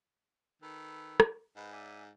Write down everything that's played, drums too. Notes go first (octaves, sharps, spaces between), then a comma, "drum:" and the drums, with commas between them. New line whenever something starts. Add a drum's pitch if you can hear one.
D#3 A4 B4
drum: rim click
G#2 D#4 B4
D5 E5 G#5